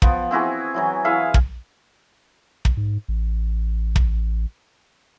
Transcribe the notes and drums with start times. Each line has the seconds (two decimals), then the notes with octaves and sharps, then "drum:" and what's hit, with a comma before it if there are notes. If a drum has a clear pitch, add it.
0.02 F3 B3, drum: kick
0.31 C4 E4 F#4 G#4
0.74 E3 F#3 E4
1.05 E4 G#4 E5 F5
1.34 drum: kick
2.65 drum: kick
2.77 G#2
3.08 A1
3.96 drum: kick